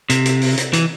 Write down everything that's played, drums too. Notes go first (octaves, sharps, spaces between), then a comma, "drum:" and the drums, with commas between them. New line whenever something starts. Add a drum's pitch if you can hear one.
C3, drum: hi-hat
drum: hi-hat
drum: open hi-hat
drum: hi-hat
E3, drum: hi-hat